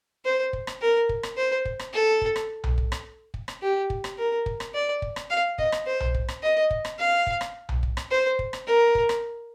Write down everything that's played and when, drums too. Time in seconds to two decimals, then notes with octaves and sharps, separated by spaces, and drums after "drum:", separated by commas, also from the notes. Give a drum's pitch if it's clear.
0.25 C5
0.53 drum: kick
0.67 drum: rim click
0.81 A#4
1.09 drum: kick
1.23 drum: rim click
1.37 C5
1.65 drum: kick
1.79 drum: rim click
1.93 A4
2.22 drum: kick
2.36 drum: rim click
2.64 drum: tom B1
2.78 drum: kick
2.92 drum: rim click
3.34 drum: kick
3.48 drum: rim click
3.62 G4
3.90 drum: kick
4.04 drum: rim click
4.18 A#4
4.46 drum: kick
4.60 drum: rim click
4.74 D5
5.02 drum: kick
5.16 drum: rim click
5.30 F5
5.58 D#5, drum: kick
5.72 drum: rim click
5.86 C5
6.00 drum: tom B1
6.14 drum: kick
6.28 drum: rim click
6.43 D#5
6.71 drum: kick
6.85 drum: rim click
6.99 F5
7.27 drum: kick
7.41 drum: rim click
7.69 drum: tom B1
7.83 drum: kick
7.97 drum: rim click
8.11 C5
8.39 drum: kick
8.53 drum: rim click
8.67 A#4
8.95 drum: kick
9.09 drum: rim click